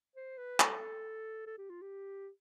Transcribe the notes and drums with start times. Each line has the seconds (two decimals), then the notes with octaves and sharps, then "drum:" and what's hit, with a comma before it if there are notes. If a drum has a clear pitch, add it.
0.16 C5
0.38 B4
0.60 A4, drum: clap
1.47 A4
1.58 G4
1.70 F4
1.82 G4